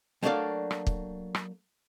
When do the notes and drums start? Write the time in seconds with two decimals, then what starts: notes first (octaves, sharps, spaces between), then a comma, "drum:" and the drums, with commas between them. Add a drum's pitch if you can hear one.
0.23 F#3 A3 A#3 D4 D5 F5
0.71 drum: rim click
0.87 drum: kick
1.35 drum: rim click